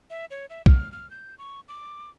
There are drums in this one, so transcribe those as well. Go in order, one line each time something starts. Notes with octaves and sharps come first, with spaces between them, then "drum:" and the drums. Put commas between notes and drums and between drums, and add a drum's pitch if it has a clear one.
E5
C#5
E5
F6, drum: kick B1
F6
G6
C#6
D6